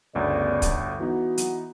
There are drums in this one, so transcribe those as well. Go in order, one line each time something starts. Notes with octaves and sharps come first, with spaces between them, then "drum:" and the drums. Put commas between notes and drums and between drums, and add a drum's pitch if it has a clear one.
G1 D2 C#3 B3 D5
drum: kick, hi-hat
E3 B3 D#4 F#4
drum: hi-hat